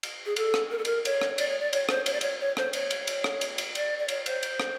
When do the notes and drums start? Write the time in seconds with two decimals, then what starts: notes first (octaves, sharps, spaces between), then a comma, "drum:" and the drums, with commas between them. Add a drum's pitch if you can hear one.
0.03 drum: cymbal
0.26 G#4
0.36 A4, drum: cymbal
0.54 drum: rim click
0.71 A#4
0.78 A4
0.85 A#4, drum: cymbal
1.05 C#5, drum: cymbal
1.21 drum: rim click
1.38 D5, drum: cymbal
1.48 C#5
1.60 D5
1.73 C#5, drum: cymbal
1.89 C5, drum: rim click
2.06 C#5, drum: cymbal
2.13 D5
2.21 C#5, drum: cymbal
2.40 C#5
2.57 C5, drum: rim click
2.73 C#5, drum: cymbal
2.91 drum: cymbal
3.07 drum: cymbal
3.24 drum: rim click
3.41 drum: cymbal
3.58 drum: cymbal
3.75 D5, drum: cymbal
3.99 D5
4.08 C#5, drum: cymbal
4.26 C5, drum: cymbal
4.43 drum: cymbal
4.60 drum: rim click